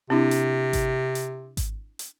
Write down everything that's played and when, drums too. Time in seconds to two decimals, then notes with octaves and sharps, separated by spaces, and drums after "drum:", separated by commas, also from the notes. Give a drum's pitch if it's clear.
0.10 C3 C4 D4 E4
0.31 drum: hi-hat
0.73 drum: kick G#1, hi-hat
1.15 drum: hi-hat
1.57 drum: kick G#1, hi-hat
1.99 drum: hi-hat